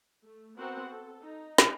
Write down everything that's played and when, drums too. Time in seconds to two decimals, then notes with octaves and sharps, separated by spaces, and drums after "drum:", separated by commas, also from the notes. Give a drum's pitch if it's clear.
0.23 A3
0.57 B3 C4 F#4 A#4 C5 F#5
0.88 A4
1.21 D#4
1.58 drum: snare